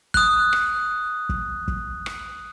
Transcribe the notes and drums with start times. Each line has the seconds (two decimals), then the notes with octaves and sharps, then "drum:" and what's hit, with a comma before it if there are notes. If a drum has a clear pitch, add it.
0.14 D#6 F#6, drum: kick
0.53 drum: rim click
1.29 drum: kick
1.68 drum: kick
2.06 drum: rim click